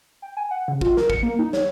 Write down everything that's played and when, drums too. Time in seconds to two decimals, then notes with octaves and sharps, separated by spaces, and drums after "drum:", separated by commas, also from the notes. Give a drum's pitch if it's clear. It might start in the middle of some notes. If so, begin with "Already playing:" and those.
0.22 G5
0.37 G#5
0.51 F#5
0.68 C#3
0.81 F4, drum: kick
0.97 A#4, drum: snare
1.10 C#7, drum: kick
1.23 A#3
1.39 D#4
1.53 C#5, drum: snare